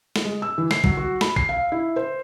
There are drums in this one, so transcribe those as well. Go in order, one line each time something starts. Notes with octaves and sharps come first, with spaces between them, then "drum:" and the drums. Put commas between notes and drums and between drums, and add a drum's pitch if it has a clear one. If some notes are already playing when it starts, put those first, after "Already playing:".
drum: snare
G#3
E6
E3
C7, drum: snare
F#3, drum: kick
F#4
B5, drum: snare
C7, drum: kick
F5
E4
C5